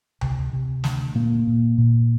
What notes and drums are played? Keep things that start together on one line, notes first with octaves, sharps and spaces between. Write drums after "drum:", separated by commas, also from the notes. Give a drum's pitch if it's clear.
C3, drum: tom D2
C3
D2, drum: snare
A#2 A#3
A#2
A#2